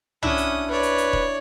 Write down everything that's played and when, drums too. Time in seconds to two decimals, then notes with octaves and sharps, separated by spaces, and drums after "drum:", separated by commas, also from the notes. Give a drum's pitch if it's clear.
0.23 C#4 D4 E4 F#4 D#6, drum: tom C2
0.38 drum: hi-hat
0.70 B4 C#5 D5
0.83 drum: hi-hat
0.98 drum: hi-hat
1.13 drum: kick D#1